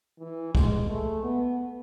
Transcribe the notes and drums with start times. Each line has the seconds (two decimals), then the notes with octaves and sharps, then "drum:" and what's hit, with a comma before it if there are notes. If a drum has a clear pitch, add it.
0.19 E3
0.55 G#3, drum: kick
0.89 A3
1.23 B3